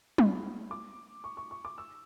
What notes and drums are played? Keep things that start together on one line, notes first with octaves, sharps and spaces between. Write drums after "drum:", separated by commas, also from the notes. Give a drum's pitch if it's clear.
B5, drum: tom
D6
C#6
C#6
C#6
D6
E6